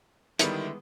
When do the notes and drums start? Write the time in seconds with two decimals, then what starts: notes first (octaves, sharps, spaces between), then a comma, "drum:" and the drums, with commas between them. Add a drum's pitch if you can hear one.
0.39 D3 D#3 G3 G#3 B3 E4 G#4, drum: hi-hat